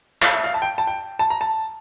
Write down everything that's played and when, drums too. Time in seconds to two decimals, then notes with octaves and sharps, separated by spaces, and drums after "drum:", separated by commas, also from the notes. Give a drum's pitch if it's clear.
0.22 F5, drum: clap
0.33 E5
0.44 F5
0.54 A5
0.62 G5
0.78 A5
0.87 G5
1.19 A5
1.30 A#5
1.41 A5